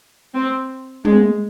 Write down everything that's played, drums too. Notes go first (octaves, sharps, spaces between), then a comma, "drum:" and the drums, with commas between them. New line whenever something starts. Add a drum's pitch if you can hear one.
C4
G#3, drum: tom